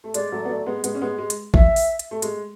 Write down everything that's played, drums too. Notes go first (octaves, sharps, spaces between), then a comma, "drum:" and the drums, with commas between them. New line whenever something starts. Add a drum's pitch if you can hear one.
A3
G#3 D5, drum: hi-hat
F#3 A3
B3
F#3 A3
G#3 B3
G#3 B3, drum: hi-hat
C#4
G#3 B3
G#3
drum: hi-hat
E5, drum: kick A1
drum: open hi-hat
drum: hi-hat
A3
G#3, drum: hi-hat